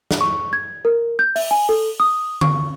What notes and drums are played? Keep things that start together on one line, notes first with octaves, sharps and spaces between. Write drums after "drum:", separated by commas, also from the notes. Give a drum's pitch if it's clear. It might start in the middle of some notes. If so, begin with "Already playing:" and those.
drum: snare
C#6
G#6
A#4
G6
E5, drum: open hi-hat
G#5
A4
D#6
C#6, drum: tom D3